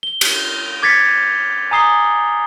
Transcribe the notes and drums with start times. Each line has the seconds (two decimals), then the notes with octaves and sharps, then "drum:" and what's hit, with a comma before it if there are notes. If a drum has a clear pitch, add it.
0.03 G7
0.21 drum: cymbal
0.83 D6 G#6 A6 B6 C#7
1.71 G#5 A#5 D#6 C7 G7